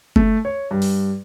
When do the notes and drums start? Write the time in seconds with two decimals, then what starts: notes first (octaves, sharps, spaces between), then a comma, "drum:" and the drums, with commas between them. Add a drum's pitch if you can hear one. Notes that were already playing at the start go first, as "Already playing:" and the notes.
0.16 A3, drum: kick F#1
0.45 C#5
0.71 G2
0.82 drum: open hi-hat